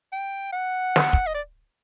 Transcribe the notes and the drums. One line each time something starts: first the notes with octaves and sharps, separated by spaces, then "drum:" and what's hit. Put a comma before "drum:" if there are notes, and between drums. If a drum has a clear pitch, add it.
G5
F#5
drum: snare
drum: kick
D#5
D5